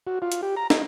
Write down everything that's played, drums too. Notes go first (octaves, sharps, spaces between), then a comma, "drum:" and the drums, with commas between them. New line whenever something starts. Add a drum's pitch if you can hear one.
F#4
F4
drum: hi-hat
G4
A#5
D#4, drum: snare